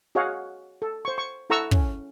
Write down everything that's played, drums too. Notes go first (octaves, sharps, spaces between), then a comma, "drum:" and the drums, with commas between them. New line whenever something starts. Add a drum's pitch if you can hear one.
F#4 G#4 C#5 D#5 F5 F#5
A4
C5 C#6
C#6
E4 A4 F#5 A#5 C#6 E6
C#4, drum: kick